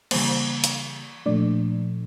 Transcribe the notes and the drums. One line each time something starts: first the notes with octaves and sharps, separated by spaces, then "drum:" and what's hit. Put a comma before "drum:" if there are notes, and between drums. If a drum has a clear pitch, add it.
C#3 E3 G3 A#3 C5, drum: cymbal
drum: hi-hat
A#2 F3 A3 D4 D5